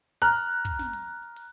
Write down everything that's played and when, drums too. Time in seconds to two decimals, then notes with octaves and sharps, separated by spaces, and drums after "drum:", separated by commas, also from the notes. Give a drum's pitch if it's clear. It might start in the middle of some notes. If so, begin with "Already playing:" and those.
0.22 A#5 F6 F#6, drum: open hi-hat
0.36 drum: hi-hat
0.50 drum: hi-hat
0.65 drum: kick, hi-hat
0.79 drum: snare
0.93 drum: open hi-hat
1.08 drum: hi-hat
1.22 drum: hi-hat
1.37 drum: open hi-hat